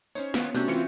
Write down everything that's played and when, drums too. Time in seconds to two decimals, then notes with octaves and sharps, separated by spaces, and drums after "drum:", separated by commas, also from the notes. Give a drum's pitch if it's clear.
0.15 C#4 D#4 C5 C#5, drum: tambourine
0.34 D#3 B3 F4, drum: snare
0.54 C3 A3 C#4 D4 F#4 F#6 G6, drum: tambourine
0.68 E3 C4 F4 C#7